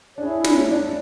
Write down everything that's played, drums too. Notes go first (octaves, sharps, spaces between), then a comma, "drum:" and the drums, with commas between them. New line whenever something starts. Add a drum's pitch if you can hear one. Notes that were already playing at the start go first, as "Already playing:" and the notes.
D4 E4 G#4 C#5
D4, drum: snare
D4